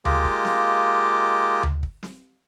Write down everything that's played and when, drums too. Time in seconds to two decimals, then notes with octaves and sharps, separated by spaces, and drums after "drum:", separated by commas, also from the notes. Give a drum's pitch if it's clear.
0.05 G#3 A#3 F4 G4 D#5 D6, drum: tom D2
0.25 drum: kick
0.45 drum: snare
1.63 drum: tom D2
1.83 drum: kick
2.03 drum: snare